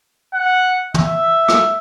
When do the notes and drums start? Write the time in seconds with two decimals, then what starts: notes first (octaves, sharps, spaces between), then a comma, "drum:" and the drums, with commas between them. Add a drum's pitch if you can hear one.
0.34 F#5
0.94 E5, drum: tom
1.48 drum: rim click